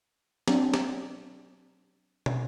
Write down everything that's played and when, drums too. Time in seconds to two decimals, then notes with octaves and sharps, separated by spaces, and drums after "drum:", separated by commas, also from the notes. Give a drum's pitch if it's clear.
0.48 F#3 C4 D4, drum: snare
0.74 drum: snare
2.26 drum: tom